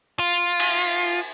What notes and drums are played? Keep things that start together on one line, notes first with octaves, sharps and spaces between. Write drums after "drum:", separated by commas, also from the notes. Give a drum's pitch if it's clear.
F4
drum: cymbal